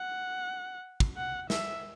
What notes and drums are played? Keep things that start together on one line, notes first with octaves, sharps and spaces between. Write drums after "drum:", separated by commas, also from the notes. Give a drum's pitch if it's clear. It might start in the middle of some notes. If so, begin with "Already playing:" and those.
Already playing: F#5
drum: kick
F#5
E5, drum: snare